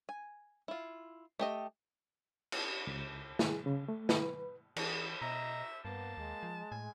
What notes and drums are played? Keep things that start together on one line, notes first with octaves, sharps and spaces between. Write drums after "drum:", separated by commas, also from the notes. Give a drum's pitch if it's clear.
G#5
E4 F4
A3 G4 D#5
drum: cymbal
C#2
G#4, drum: snare
C#3
A3
B4, drum: snare
E3 G#4, drum: cymbal
B2 D#5 E5 A#5
G2 A#3 B3 A5
D#2 G#3
F3
A2 G#5